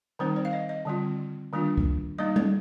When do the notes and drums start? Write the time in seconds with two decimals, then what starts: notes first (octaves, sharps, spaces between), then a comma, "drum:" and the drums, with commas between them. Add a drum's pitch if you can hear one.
0.19 D#3 G3 C4 D#4 C5
0.36 D5
0.45 F5
0.53 D#5
0.69 D#5
0.85 D3 G3 C4 F4
1.53 D#3 G3 A#3 D4 F4
1.78 drum: kick
2.19 G3 A#3 D#4 D#5
2.36 D5, drum: tom G3